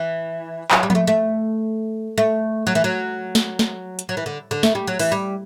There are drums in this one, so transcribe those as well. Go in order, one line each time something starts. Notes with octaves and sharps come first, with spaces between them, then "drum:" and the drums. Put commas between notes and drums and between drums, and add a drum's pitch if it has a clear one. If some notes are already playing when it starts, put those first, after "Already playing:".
Already playing: E3
F#3, drum: clap
G3
B3, drum: tom F3
A3
A3
A3
F#3
E3
F#3
drum: snare
drum: snare
drum: hi-hat
F#3
E3
D3
D3
A3, drum: snare
G3
F#3
E3, drum: open hi-hat
G3